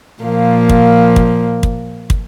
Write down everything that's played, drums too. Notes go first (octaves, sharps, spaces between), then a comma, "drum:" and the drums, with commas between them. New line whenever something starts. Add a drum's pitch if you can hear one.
A#2 F3 A#3
drum: kick
drum: kick
drum: kick
drum: kick